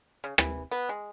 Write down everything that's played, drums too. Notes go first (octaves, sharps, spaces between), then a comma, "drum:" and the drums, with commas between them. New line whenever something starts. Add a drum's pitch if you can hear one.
C#3
E3, drum: rim click
B3
G#3